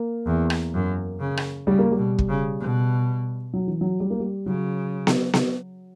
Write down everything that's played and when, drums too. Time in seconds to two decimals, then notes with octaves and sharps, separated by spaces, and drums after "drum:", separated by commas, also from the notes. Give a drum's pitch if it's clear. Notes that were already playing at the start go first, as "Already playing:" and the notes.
Already playing: A#3
0.27 E2
0.50 drum: rim click
0.74 F#2
1.20 C#3
1.37 drum: rim click
1.67 C#3 G3
1.79 A#3
1.91 G3
1.98 B2
2.19 drum: kick
2.29 C#3
2.60 B2
3.53 F#3
3.67 E3
3.81 F#3
4.00 G3
4.10 A#3
4.20 G3
4.46 C#3 F#3
5.07 drum: snare B3
5.33 drum: snare B3